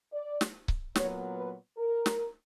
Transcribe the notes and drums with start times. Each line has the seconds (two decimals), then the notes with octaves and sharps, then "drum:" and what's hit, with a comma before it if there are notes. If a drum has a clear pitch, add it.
0.13 D5
0.41 drum: snare
0.68 drum: kick C#1
0.96 A#2 F#3 B3 C#5, drum: snare
1.37 B4
1.78 A#4
2.06 drum: snare